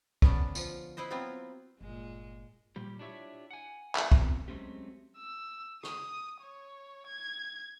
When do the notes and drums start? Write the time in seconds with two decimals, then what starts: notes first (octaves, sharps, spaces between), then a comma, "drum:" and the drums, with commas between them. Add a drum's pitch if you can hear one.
0.22 D3 B3 C#4 D4, drum: kick
0.55 F3 F4, drum: tambourine
0.97 E4 B4 C5 D#5
1.10 F#3 B3 C4 E4 F4
1.81 G1 A#2 G#3
2.76 A#2 G3 G4
2.99 D4 E4 F4 G4 C#5 E5
3.51 F#5 G#5
3.95 drum: clap
4.12 A3 B3 C4 F4 A#4, drum: kick
4.48 F#3 G#3 A3 C4 C#4 G4
5.17 E6
5.83 D#6, drum: rim click
6.41 C#5
7.07 G#6